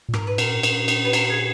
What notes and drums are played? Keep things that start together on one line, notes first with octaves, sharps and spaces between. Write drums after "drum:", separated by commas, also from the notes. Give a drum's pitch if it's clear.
A#2
G#2 A#4, drum: rim click
B4
A#2 A#4, drum: cymbal
drum: cymbal
drum: cymbal
B4
A#4, drum: cymbal
A#4
G#4